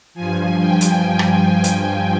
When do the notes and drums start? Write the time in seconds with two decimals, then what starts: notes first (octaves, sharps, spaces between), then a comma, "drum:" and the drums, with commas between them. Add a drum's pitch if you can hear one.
0.14 G2 F3 G#5
0.60 G5
0.81 drum: hi-hat
1.04 G5
1.19 drum: rim click
1.64 drum: hi-hat